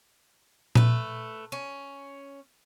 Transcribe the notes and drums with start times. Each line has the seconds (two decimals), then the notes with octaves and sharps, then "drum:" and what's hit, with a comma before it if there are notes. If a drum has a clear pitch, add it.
0.75 A3 B4, drum: tom A#2
1.52 C#4